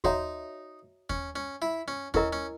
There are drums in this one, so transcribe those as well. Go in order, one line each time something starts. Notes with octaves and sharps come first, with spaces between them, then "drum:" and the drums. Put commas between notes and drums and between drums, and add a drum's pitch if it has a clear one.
D#4 F#4 C#5 E5 A#5, drum: kick D#2
C#4, drum: kick D#2
C#4
E4
C#4
C#4 E4 A#4 D#5 A#5, drum: kick D#2
C#4